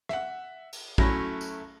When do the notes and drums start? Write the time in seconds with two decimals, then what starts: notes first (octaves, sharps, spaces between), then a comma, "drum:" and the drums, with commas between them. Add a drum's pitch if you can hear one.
0.09 E5 F#5, drum: rim click
0.73 drum: cymbal
0.98 F#3 A3 C#4 E4 B5 A#6, drum: kick
1.41 drum: tambourine